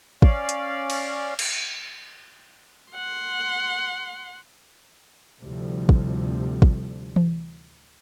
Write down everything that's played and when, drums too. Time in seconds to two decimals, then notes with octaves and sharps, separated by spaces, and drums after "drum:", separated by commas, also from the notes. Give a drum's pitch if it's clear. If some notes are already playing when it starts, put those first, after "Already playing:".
0.22 C#4 D5 F5, drum: kick
0.49 drum: hi-hat
0.90 drum: cymbal
1.39 drum: cymbal
2.93 F#5 C6
5.41 D2 A2 C3 F3 G3
5.89 drum: kick
6.62 drum: kick
7.16 drum: tom E3